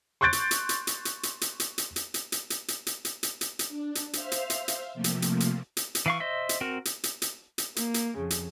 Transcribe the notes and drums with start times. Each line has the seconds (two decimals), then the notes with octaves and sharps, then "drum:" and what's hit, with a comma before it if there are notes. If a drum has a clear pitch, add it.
0.21 C6 C#6 F#6 G6 A6 D7
0.33 drum: hi-hat
0.51 drum: hi-hat
0.69 drum: hi-hat
0.87 drum: hi-hat
1.05 drum: hi-hat
1.23 drum: hi-hat
1.41 drum: hi-hat
1.60 drum: hi-hat
1.78 drum: hi-hat
1.96 drum: hi-hat
2.14 drum: hi-hat
2.32 drum: hi-hat
2.50 drum: hi-hat
2.68 drum: hi-hat
2.86 drum: hi-hat
3.05 drum: hi-hat
3.23 drum: hi-hat
3.41 drum: hi-hat
3.59 drum: hi-hat
3.68 D4
3.95 drum: hi-hat
4.13 C5 E5 F5 F6, drum: hi-hat
4.32 drum: hi-hat
4.50 drum: hi-hat
4.68 drum: hi-hat
4.94 C3 F3 A3 A#3
5.04 drum: hi-hat
5.22 drum: hi-hat
5.40 drum: hi-hat
5.77 drum: hi-hat
5.95 drum: hi-hat
6.06 E3 F5 C#6
6.20 C5 D#5 E5
6.49 drum: hi-hat
6.61 C4 F#4 A#4
6.85 drum: hi-hat
7.04 drum: hi-hat
7.22 drum: hi-hat
7.58 drum: hi-hat
7.76 A#3, drum: hi-hat
7.94 drum: hi-hat
8.17 F2 C#3
8.30 drum: hi-hat